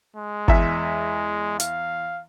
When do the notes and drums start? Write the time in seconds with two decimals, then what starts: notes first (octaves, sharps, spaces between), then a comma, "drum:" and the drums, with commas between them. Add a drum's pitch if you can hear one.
0.16 G#3
0.48 E2 E5, drum: kick G1
1.60 F5, drum: hi-hat